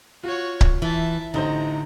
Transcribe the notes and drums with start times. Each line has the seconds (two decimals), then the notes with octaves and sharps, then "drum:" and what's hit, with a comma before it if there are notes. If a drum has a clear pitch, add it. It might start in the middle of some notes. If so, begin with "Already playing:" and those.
0.24 F4 F#4 C#5
0.61 drum: kick C#1
0.82 E3 E5 A5
1.34 A1 D3 D#4 C5 A#5